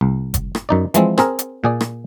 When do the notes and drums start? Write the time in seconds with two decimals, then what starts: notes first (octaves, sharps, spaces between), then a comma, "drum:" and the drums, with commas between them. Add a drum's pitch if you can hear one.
0.01 C2
0.34 drum: kick F#1, hi-hat
0.55 drum: rim click
0.69 F#2 D#4 D5
0.94 E3 F3 G#3 C4, drum: hi-hat
1.18 C4 G#4 A#4, drum: rim click
1.39 drum: hi-hat
1.64 A#2 G#4 D5
1.81 drum: rim click